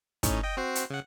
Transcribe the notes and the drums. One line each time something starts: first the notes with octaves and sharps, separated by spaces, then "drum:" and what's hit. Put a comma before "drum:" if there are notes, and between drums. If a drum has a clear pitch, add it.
A2 C#4 D#4, drum: kick, hi-hat
D#5 G5
C4 F#4 C5
drum: hi-hat
C#3 F#5